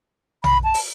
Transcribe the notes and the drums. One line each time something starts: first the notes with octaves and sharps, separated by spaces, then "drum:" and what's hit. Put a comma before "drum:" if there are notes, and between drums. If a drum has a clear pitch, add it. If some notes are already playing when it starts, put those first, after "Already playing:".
B5, drum: tom A#1
A5
drum: open hi-hat